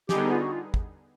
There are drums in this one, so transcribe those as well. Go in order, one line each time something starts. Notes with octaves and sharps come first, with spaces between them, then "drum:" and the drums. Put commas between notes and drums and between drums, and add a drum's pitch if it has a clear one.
D3 G3 B3 D#4 G4 G#4, drum: snare
F4
F#4
F4
drum: kick